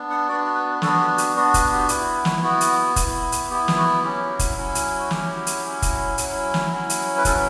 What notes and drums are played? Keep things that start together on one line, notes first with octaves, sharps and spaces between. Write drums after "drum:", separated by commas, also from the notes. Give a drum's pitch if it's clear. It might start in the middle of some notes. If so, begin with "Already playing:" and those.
Already playing: B3 D4
F#5
B3 D4 F#4 D5
B4
B3 D4 F#4 A4, drum: snare
G4
G4, drum: hi-hat
B3 D4 F#4
G4, drum: kick F1, hi-hat
G4
B3 E4, drum: hi-hat
drum: snare
B3 E4 F#4
drum: hi-hat
E4, drum: kick F1, hi-hat
B3
drum: hi-hat
B3 E4 G4
drum: snare
F#4
F#3 C#4 E4 G4
drum: kick F1, hi-hat
F#3 C#4 E4
drum: hi-hat
F#4
F#3 C#4 E4 G4, drum: snare
drum: hi-hat
F#3 C#4 E4
drum: kick F1, hi-hat
F#3 C#4 E4, drum: hi-hat
drum: snare
F#3 C#4 E4
drum: hi-hat
B4
F#3 C#4 E4 A4, drum: kick F1, hi-hat